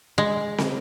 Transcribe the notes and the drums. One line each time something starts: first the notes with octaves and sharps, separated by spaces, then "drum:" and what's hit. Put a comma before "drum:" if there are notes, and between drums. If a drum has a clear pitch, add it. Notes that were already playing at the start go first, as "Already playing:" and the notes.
G#3
drum: snare